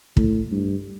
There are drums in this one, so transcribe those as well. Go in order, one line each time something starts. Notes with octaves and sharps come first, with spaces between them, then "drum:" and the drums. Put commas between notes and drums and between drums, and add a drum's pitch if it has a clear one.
A2, drum: kick
G2